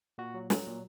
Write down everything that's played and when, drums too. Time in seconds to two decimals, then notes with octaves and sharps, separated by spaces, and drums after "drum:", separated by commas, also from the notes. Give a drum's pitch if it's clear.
0.18 A#2 F#4
0.34 F#3
0.50 F#3, drum: snare
0.67 A#2